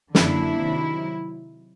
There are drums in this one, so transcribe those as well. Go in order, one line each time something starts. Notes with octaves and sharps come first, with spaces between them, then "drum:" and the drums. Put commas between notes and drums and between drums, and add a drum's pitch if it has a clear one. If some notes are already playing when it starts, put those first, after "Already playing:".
F#2 D3 F3 A#3 D4 E4, drum: snare
C3 D#3 F#3